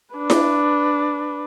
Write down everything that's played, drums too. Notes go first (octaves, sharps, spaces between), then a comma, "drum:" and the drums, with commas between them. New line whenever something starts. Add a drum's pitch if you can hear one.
D4 B4
drum: snare E4